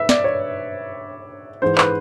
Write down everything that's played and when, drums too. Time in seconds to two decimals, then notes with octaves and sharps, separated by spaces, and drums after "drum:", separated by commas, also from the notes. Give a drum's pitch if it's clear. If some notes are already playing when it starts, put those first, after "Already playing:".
Already playing: G#2 B4 E5
0.09 D5, drum: snare
0.24 C#5
1.62 G#2 E3 G#3 C5
1.78 B4, drum: clap